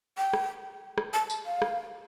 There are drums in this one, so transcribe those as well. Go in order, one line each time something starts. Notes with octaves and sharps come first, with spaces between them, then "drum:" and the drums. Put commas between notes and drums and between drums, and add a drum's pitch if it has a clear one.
G5
drum: rim click
drum: rim click
A5
drum: tambourine
F5
drum: rim click